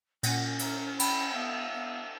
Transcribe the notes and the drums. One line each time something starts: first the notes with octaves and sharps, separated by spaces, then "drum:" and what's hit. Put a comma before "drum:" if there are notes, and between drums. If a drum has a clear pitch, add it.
A#2 C#4 F#5 G#5, drum: cymbal
A#4 C#5 E5, drum: cymbal
B5, drum: cymbal
B3 E5 F5
B3